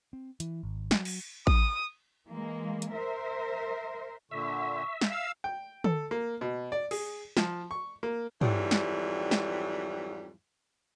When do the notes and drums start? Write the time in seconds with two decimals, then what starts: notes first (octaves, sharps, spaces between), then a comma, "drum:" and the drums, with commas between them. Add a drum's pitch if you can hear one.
0.13 C4
0.40 E3, drum: hi-hat
0.63 G#1
0.91 F#3, drum: snare
1.05 drum: cymbal
1.47 D#6, drum: kick A1
2.29 E3 G#3 A#3
2.82 drum: hi-hat
2.95 A#4 C5 E5
4.31 A#2 D3 E5 C#6
5.01 drum: snare
5.11 F5 E6
5.44 G5
5.84 A4, drum: tom
6.11 A#3
6.41 B2
6.72 D5
6.91 G#4, drum: cymbal
7.37 F3, drum: snare
7.71 C#6
8.03 A#3
8.41 F2 G#2 E3 F#3 G3, drum: tom
8.71 drum: snare
9.31 drum: snare